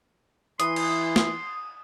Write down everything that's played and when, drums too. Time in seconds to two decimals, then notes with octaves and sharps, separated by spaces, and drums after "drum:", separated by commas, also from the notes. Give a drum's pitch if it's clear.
0.60 E3 C6 D#6, drum: hi-hat
0.76 drum: cymbal
1.16 drum: snare